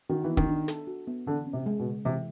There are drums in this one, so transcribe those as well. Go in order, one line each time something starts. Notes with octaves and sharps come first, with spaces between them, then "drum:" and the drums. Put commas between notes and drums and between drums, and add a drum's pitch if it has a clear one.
D#3 F#4
E3
B3
D#3, drum: kick
D4
A4, drum: hi-hat
F#4
B3
D3 E3
C#4
C3
G#3
B2
C#3
C3 E3